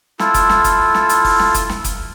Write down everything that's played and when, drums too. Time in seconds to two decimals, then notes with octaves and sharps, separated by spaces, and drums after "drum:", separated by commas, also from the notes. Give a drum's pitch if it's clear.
0.19 E4 F4 A4, drum: snare
0.34 drum: kick F#1, hi-hat
0.49 drum: snare
0.64 drum: kick F#1, hi-hat
0.94 drum: snare
1.09 drum: hi-hat
1.24 drum: kick F#1, open hi-hat
1.40 drum: snare
1.55 drum: kick F#1, hi-hat
1.70 drum: snare
1.85 drum: kick F#1, hi-hat